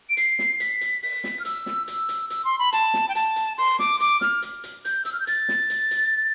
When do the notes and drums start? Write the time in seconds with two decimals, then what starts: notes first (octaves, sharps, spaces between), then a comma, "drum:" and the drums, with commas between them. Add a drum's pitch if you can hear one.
0.09 D7
0.17 C7, drum: hi-hat
0.39 drum: snare
0.60 B6, drum: hi-hat
0.81 drum: hi-hat
1.03 B6, drum: open hi-hat
1.24 drum: snare
1.39 F6
1.45 E6, drum: hi-hat
1.66 drum: snare
1.88 E6, drum: hi-hat
2.09 drum: hi-hat
2.30 E6, drum: hi-hat
2.45 C6
2.59 B5
2.73 A5, drum: hi-hat
2.94 drum: snare
3.08 G5
3.15 A5, drum: hi-hat
3.36 drum: hi-hat
3.58 C6, drum: open hi-hat
3.79 D6, drum: snare
4.00 D6, drum: hi-hat
4.21 F6, drum: snare
4.42 drum: hi-hat
4.64 drum: hi-hat
4.85 G6, drum: hi-hat
5.05 E6, drum: hi-hat
5.12 F6
5.20 G6
5.27 A6, drum: hi-hat
5.49 drum: snare
5.70 drum: hi-hat
5.91 drum: hi-hat